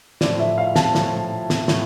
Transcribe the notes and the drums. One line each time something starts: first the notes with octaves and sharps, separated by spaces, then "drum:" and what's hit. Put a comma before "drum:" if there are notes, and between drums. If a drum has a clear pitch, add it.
A2 F3 D5, drum: snare
E5
F5
A5, drum: snare
A2 F3, drum: snare
drum: snare
A2, drum: snare